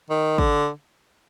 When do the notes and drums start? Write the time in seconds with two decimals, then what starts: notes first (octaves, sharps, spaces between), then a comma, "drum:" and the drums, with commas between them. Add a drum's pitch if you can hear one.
0.10 D#3
0.38 D3, drum: kick